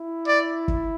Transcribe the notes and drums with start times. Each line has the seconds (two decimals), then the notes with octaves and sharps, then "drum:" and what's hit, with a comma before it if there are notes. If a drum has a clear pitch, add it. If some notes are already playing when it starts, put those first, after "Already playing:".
Already playing: E4
0.27 D5
0.68 drum: kick